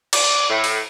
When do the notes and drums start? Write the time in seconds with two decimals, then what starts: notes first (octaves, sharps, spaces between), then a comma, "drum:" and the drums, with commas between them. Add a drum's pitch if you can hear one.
0.13 D5, drum: cymbal
0.49 A2
0.64 drum: open hi-hat